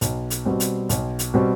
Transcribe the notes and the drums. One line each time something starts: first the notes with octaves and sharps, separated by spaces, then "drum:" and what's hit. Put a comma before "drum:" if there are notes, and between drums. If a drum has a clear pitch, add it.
B1, drum: hi-hat
drum: hi-hat
B2 G3 C4
drum: hi-hat
B1, drum: hi-hat
drum: hi-hat
B2 G3 C4